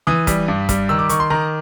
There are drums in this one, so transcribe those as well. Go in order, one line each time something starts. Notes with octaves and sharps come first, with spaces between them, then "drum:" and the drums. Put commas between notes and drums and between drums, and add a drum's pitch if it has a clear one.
E3 D#6
G3, drum: kick, hi-hat
G2
G3, drum: kick, hi-hat
D#3 E6
D6
D#3 C#6, drum: hi-hat
C6
D#3 A#5